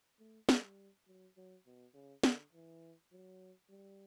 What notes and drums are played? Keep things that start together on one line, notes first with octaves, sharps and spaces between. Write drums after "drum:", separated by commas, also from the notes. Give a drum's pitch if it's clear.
A3
G3, drum: snare
F#3
F#3
B2
C#3
D3, drum: snare
E3
F#3
G3